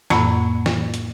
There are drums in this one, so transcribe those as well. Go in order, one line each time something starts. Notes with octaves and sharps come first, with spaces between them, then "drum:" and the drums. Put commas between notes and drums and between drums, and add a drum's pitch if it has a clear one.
F2 A2 A#3 F#5 B5 E6, drum: snare
drum: snare
drum: hi-hat